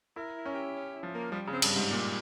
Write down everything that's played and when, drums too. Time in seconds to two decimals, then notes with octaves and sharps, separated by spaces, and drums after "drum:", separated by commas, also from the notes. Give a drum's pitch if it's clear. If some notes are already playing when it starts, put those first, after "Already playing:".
0.16 E4 A#4
0.35 E4
0.46 C#4
0.55 G4
0.74 C#4
0.93 E4
1.03 F3
1.13 A#3
1.32 F3 G3
1.47 C#3
1.52 C4
1.62 G2, drum: cymbal
1.71 G#2 C3
1.91 A#2 G4